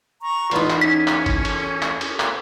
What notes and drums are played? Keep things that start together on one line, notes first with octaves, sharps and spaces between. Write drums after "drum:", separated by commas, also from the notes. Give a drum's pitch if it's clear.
A#5 C#6
E2 D#4 F4 B4, drum: cymbal
drum: clap
C#4 B6
drum: clap
drum: kick G1, cymbal
drum: cymbal
drum: clap
drum: cymbal
drum: clap